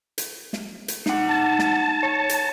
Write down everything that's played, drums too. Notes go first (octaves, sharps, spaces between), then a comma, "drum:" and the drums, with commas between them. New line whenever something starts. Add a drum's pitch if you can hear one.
drum: hi-hat
drum: snare
drum: hi-hat
D#4 F#5, drum: snare
A5
drum: snare
C#5
drum: hi-hat